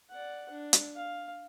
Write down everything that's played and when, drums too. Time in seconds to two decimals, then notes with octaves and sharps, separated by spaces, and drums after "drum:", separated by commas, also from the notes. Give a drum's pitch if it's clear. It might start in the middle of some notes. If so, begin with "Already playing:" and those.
0.11 D5 F#5
0.51 D4
0.73 drum: hi-hat
0.96 F5